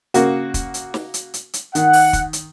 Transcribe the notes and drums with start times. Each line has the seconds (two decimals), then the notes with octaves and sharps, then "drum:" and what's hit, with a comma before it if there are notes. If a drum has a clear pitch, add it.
0.14 C#3 A#3 F#4, drum: hi-hat
0.54 drum: kick, hi-hat
0.74 drum: hi-hat
0.94 drum: snare
1.14 drum: hi-hat
1.34 drum: hi-hat
1.53 drum: hi-hat
1.75 D#3 F#5, drum: hi-hat
1.93 drum: open hi-hat
2.13 drum: kick, hi-hat
2.33 drum: hi-hat